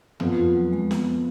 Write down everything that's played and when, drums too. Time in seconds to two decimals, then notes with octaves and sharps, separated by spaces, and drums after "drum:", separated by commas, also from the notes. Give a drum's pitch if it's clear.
0.20 F2 F3 B3 F4, drum: tom
0.37 F4
0.55 F#3
0.73 G#3
0.91 B3, drum: snare